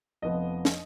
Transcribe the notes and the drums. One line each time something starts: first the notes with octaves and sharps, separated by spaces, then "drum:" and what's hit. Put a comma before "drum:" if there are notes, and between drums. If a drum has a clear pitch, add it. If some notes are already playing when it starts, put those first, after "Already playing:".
F1 F2 F3 B3 D#5
drum: snare